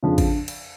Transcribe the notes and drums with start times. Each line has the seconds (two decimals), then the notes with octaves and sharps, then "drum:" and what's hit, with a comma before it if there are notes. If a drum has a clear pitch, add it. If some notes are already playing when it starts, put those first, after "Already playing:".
0.03 F2 C#3 F3 D4
0.18 drum: kick G#1, cymbal
0.48 drum: cymbal